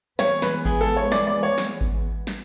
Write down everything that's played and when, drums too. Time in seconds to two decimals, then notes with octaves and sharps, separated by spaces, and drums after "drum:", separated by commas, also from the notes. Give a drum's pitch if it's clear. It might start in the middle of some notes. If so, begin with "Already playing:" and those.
0.19 E3 G#3 B3 C#5, drum: snare
0.42 B4, drum: snare
0.65 G#4, drum: kick G#1, cymbal
0.81 A4
0.97 C#5
1.12 D5, drum: snare
1.27 D5
1.43 C#5
1.58 drum: snare
1.81 drum: kick G#1
2.27 drum: snare